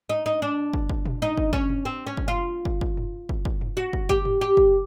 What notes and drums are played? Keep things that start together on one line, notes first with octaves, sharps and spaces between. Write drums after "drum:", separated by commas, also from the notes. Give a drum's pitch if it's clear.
D#4
D#4
D4
drum: kick
drum: kick
drum: tom A#2
D#4
drum: kick
C#4, drum: kick
drum: tom G2
C4
C#4
drum: kick
F4
drum: kick
drum: kick
drum: tom G2
drum: kick
drum: kick
drum: tom G2
F#4
drum: kick
G4, drum: kick
drum: tom G2
G4
drum: kick